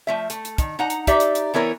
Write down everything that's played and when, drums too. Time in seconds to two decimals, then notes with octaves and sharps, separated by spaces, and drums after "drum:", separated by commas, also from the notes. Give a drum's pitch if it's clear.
0.07 F3 A3 E5
0.30 A3, drum: hi-hat
0.45 drum: hi-hat
0.58 D#3, drum: kick, hi-hat
0.79 D#4 F#5 A#5
0.90 drum: hi-hat
1.07 D#4 G4 D5 E5, drum: kick, hi-hat
1.20 drum: hi-hat
1.35 drum: hi-hat
1.54 E3 B3 E4 A#4 C#5